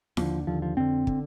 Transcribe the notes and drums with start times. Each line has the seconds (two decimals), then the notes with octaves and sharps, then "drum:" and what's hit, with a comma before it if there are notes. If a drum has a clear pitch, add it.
0.17 D#2 D3 F3, drum: snare E4
0.47 D#2 D3 F3
0.62 F3
0.77 F2 D3 C4
1.07 D3, drum: kick